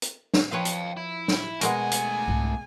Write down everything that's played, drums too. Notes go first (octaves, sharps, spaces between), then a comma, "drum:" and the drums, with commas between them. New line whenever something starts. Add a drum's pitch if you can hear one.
drum: hi-hat
drum: snare
F3 B4 C#5 F5 G5
drum: hi-hat
E4
drum: snare
B2 G#3 A3 A#4 F#5 G#5, drum: hi-hat
drum: hi-hat
C2 G#2